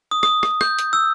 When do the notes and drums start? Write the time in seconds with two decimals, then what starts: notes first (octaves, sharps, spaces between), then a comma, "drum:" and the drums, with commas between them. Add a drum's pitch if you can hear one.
0.11 D#6
0.23 D#6, drum: rim click
0.43 drum: rim click
0.61 G6, drum: rim click
0.79 drum: hi-hat
0.93 E6